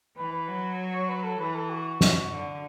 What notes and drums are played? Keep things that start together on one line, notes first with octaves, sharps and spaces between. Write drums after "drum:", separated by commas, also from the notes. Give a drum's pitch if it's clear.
E3 B4
B4
F#3
C#5
B4
A4
E3 B4
A4
F#4
drum: snare
D3